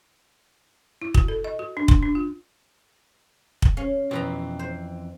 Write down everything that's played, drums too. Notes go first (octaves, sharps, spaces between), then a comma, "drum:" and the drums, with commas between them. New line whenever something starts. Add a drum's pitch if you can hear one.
E4
F#4, drum: kick
A4
D#5
F#4
D4
C6, drum: kick
D4
F4
drum: kick
C#4 F5
F2 B2 E3 C4 B4 A#5
C5